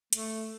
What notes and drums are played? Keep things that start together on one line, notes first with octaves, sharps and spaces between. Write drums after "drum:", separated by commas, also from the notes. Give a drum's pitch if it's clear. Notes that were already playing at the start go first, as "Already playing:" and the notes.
A3, drum: hi-hat